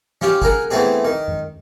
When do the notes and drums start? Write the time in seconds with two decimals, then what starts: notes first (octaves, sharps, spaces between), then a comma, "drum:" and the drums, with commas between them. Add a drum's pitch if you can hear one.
0.21 C#4 F4 G4, drum: snare
0.42 G#4 A#4 F#5, drum: kick
0.71 E3 A3 B3 C4 G#4
1.05 D#3
1.28 drum: tom G2